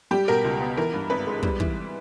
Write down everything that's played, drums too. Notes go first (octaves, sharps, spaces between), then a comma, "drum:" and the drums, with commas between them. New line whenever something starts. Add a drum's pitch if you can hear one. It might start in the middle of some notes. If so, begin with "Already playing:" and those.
G3 G4
B2 A#4
C#2
B3
E3 A#4
G2
G#1 B4
G#3
G3, drum: kick
E3, drum: kick